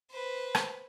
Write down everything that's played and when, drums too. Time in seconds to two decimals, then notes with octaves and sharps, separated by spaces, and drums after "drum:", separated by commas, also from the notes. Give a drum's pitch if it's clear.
0.10 B4 C5
0.55 drum: rim click